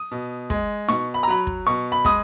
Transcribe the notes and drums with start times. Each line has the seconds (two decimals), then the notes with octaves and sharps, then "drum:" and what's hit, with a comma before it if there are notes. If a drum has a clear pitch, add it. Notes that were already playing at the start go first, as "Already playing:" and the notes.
Already playing: D#6
0.11 B2
0.50 G#3, drum: kick
0.88 B2 C#6, drum: snare D#4
1.14 B5
1.23 A#5
1.27 F#3 B5
1.47 drum: kick
1.66 B2 C#6
1.92 B5
2.05 G#3 D#6, drum: kick